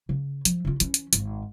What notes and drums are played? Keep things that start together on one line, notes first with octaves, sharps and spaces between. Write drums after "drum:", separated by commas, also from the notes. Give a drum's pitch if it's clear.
C#3
F3, drum: hi-hat
C#3 F4
E3 C#4, drum: hi-hat
drum: hi-hat
G#1, drum: hi-hat